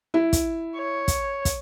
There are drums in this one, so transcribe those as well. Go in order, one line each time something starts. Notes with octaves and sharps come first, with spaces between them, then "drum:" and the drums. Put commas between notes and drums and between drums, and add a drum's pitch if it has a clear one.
E4
drum: kick, hi-hat
C#5
drum: kick, hi-hat
drum: kick, hi-hat